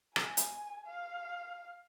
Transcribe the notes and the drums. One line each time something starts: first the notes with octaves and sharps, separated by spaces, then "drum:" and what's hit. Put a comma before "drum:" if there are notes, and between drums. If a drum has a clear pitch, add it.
G#5, drum: rim click
drum: hi-hat
F5